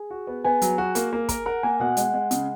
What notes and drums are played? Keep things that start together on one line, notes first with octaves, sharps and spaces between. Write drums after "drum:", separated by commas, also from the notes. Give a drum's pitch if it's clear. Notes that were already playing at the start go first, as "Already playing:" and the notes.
Already playing: G#4
F#4
B3
B3 G#5
F#3, drum: hi-hat
F#4
A#3, drum: hi-hat
A#3
A#4, drum: kick, hi-hat
A#4 F#5
A#3 G#5
B2 F#5
G#3, drum: hi-hat
G#3
C#3, drum: hi-hat